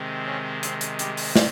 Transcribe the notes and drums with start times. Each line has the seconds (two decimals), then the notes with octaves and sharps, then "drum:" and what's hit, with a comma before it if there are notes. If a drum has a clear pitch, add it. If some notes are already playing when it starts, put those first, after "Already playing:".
Already playing: C3 D#3 G#3 C4
0.26 C#4 C#5
0.63 C4 C5, drum: hi-hat
0.81 drum: hi-hat
0.99 G3 G4, drum: hi-hat
1.17 drum: open hi-hat
1.36 drum: snare